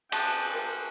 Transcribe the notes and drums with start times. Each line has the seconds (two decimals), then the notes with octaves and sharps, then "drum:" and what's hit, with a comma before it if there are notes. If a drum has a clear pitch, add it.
0.12 G5 A5 F#6, drum: cymbal
0.54 A#4